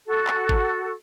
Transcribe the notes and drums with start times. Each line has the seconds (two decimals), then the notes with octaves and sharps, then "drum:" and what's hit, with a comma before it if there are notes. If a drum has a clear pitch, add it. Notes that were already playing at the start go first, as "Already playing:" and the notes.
0.05 F#4 A4
0.27 drum: clap
0.49 drum: kick G#1